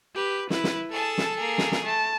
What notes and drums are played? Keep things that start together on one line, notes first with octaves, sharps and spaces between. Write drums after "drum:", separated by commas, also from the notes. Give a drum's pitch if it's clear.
G4 B4
E4 B4, drum: snare
drum: snare
G#4 A4 A5
drum: snare
A#3 G#4
drum: snare
drum: snare
A3 A5